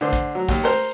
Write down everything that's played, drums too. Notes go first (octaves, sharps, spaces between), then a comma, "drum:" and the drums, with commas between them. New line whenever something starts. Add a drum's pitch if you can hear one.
D3 C5
drum: kick, hi-hat
F#3
D#2, drum: kick, open hi-hat
A#4 C5